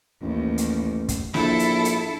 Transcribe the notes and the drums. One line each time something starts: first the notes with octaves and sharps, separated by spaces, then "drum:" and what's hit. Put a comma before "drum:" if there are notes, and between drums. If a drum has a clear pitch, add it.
A1 D#2
drum: hi-hat
drum: kick, hi-hat
A#1 E4 A4, drum: snare
drum: hi-hat
drum: hi-hat